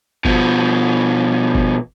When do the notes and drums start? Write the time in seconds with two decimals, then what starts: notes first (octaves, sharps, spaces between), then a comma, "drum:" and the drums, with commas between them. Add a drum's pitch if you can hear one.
0.25 B2 F3, drum: kick G1
1.55 drum: kick G1